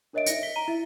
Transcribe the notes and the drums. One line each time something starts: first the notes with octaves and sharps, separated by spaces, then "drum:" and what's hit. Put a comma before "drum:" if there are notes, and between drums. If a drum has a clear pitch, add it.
D4 A#4 C#5 D#5 E5 D7
A#6 C#7, drum: hi-hat
B6 G7
A#5 D#7 G7
E4 E5